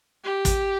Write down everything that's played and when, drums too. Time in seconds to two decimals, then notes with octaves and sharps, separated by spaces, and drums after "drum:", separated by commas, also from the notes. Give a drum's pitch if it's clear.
0.24 G4
0.45 drum: kick, hi-hat